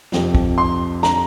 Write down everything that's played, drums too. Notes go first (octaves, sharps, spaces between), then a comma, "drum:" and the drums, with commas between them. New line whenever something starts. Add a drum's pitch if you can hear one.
F2 C3 F3, drum: snare
drum: kick
C6
A#5, drum: snare